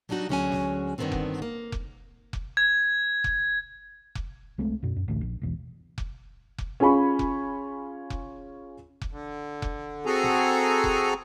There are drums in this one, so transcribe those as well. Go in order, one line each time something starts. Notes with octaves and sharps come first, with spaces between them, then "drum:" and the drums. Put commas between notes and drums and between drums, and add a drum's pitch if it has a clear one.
F#3 G3 D4 D#4 F#4
D2 F#3 G#3 C#4 F#4 G#5
drum: snare
G2 D3 D#3 B3 C4 F#4
drum: kick F1
A#3
drum: kick F1
drum: kick F1
G#6
drum: kick F1
drum: kick F1
C2 G#3 A3 C4
F#2 B2
F#2
A1 D2
A#1
E1 B1 E2
drum: kick F1
drum: kick F1
C#4 F4 G#4 G#5 B5 C#6
drum: kick F1
drum: kick F1
drum: kick F1
D3
drum: kick F1
C4 F#4 G#4 A4 G#5 A#5
drum: snare
drum: kick F1